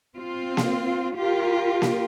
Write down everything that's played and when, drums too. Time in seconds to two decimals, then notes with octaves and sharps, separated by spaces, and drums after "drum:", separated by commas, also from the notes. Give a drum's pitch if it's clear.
0.16 C4 F4
0.57 drum: snare A#3
1.16 F4 G4 A#4
1.82 drum: snare A#3